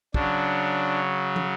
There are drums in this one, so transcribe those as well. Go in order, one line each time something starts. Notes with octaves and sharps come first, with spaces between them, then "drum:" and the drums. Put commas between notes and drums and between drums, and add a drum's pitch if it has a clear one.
C#3 F#3 D4, drum: kick
drum: tom